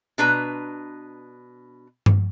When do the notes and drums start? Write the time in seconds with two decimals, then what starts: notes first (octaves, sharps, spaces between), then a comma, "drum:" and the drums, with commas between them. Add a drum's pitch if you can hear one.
0.18 B2 D4 B4 A#5
2.06 drum: tom G2